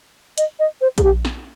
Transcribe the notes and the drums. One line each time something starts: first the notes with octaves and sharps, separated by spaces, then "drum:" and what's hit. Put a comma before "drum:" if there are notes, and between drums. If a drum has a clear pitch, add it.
D#5, drum: hi-hat
D#5
C5
G#4, drum: kick A#1, hi-hat
G4
drum: snare